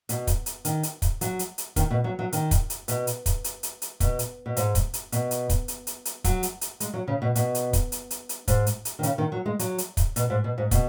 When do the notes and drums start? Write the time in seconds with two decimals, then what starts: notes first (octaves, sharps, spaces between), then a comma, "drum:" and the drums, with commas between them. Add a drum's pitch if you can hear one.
0.09 B2, drum: hi-hat
0.27 drum: kick, hi-hat
0.46 drum: hi-hat
0.65 D#3, drum: hi-hat
0.83 drum: hi-hat
1.02 drum: kick, hi-hat
1.21 F#3, drum: hi-hat
1.39 drum: hi-hat
1.58 drum: hi-hat
1.76 D#3, drum: kick, hi-hat
1.90 B2
2.04 F#3
2.19 F#3
2.33 D#3, drum: hi-hat
2.51 drum: kick, hi-hat
2.70 drum: hi-hat
2.88 B2, drum: hi-hat
3.07 drum: hi-hat
3.26 drum: kick, hi-hat
3.44 drum: hi-hat
3.63 drum: hi-hat
3.82 drum: hi-hat
4.00 B2, drum: kick, hi-hat
4.19 drum: hi-hat
4.46 B2
4.57 G#2, drum: hi-hat
4.75 drum: kick, hi-hat
4.94 drum: hi-hat
5.12 B2, drum: hi-hat
5.31 drum: hi-hat
5.49 drum: kick, hi-hat
5.68 drum: hi-hat
5.87 drum: hi-hat
6.05 drum: hi-hat
6.24 F#3, drum: kick, hi-hat
6.43 drum: hi-hat
6.61 drum: hi-hat
6.80 G#3, drum: hi-hat
6.94 F#3
7.08 C#3
7.22 B2
7.35 B2, drum: hi-hat
7.55 drum: hi-hat
7.73 drum: kick, hi-hat
7.92 drum: hi-hat
8.11 drum: hi-hat
8.29 drum: hi-hat
8.48 G#2, drum: kick, hi-hat
8.66 drum: hi-hat
8.85 drum: hi-hat
8.99 D#3
9.03 C#3, drum: hi-hat
9.18 D#3
9.32 F#3
9.46 G#3
9.59 F#3, drum: hi-hat
9.78 drum: hi-hat
9.97 drum: kick, hi-hat
10.16 B2, drum: hi-hat
10.30 G#2
10.44 B2
10.58 G#2
10.71 B2, drum: kick, hi-hat